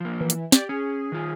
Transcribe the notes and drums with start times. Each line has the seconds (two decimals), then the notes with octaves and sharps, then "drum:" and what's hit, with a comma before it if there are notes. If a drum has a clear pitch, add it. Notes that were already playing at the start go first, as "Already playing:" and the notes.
0.01 F3 A#3
0.20 E3
0.30 drum: hi-hat
0.52 G4 D5, drum: snare
0.69 C#4 G#4
1.12 D#3 F4